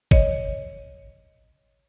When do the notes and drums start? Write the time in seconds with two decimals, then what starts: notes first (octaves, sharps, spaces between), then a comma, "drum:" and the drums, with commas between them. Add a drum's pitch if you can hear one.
0.11 C#5 D#5, drum: kick G#1